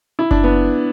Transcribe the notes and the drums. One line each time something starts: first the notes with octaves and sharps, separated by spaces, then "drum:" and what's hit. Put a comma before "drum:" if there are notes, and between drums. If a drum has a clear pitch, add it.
E4
D4, drum: kick F#1
B3